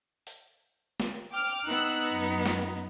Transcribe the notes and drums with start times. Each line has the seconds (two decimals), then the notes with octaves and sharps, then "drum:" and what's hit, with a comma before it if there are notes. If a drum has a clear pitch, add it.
0.27 drum: open hi-hat
1.00 drum: snare
1.30 G5 D6 F6
1.66 B3 D#4 E6 F#6
2.09 F#2
2.46 drum: snare